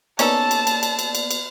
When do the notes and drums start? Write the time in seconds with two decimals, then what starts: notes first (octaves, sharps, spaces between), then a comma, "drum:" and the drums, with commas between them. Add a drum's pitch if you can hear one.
0.19 A#3 B3 C#4 D#4 A4 D5 A5, drum: cymbal
0.51 drum: cymbal
0.67 drum: cymbal
0.83 drum: cymbal
0.99 drum: cymbal
1.15 drum: cymbal
1.31 drum: cymbal